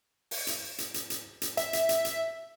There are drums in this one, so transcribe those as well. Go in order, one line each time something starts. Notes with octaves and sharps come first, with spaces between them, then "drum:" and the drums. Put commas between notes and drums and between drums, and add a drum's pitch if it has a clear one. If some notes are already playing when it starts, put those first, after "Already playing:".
drum: open hi-hat
drum: hi-hat
drum: hi-hat
drum: hi-hat
drum: hi-hat
drum: hi-hat
E5, drum: hi-hat
drum: hi-hat
drum: hi-hat
drum: hi-hat